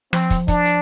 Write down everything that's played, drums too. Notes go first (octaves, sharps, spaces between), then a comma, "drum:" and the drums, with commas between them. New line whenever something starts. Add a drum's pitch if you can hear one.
F3 C4, drum: rim click
drum: kick, hi-hat
D4, drum: kick, hi-hat
drum: hi-hat